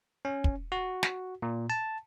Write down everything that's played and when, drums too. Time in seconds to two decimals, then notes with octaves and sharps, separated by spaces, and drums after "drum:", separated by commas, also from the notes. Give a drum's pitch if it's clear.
0.25 C#4
0.44 drum: kick
0.72 F#4
1.03 drum: snare
1.42 A#2
1.70 A5